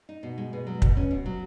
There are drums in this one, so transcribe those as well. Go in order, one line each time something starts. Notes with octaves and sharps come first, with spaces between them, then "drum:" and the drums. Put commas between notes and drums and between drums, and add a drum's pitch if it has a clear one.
D#4
B2
G#3
B2
F#3
B2, drum: kick
C#4
B2
F#3